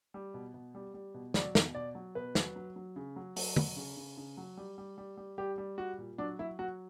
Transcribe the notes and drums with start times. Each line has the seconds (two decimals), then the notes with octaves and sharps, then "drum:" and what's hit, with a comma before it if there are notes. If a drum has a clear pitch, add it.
0.14 G3
0.34 B2
0.54 B2
0.75 G3
0.94 G3
1.14 B2
1.34 F#3 D5, drum: snare
1.55 B2, drum: snare
1.75 B2 D5
1.95 F#3
2.15 B2 B4
2.35 F#3, drum: snare
2.56 F#3
2.76 F#3
2.96 C#3
3.16 F#3
3.36 F#3, drum: open hi-hat
3.56 F#3, drum: tom
3.76 C#3
3.97 C#3
4.17 C#3
4.37 F#3
4.57 G3
4.78 G3
4.98 G3
5.17 G3
5.38 G3 G4
5.58 G3
5.78 G3 F#4
5.98 A#2
6.18 F#3 D4
6.39 F#3 E4
6.59 F#3 F#4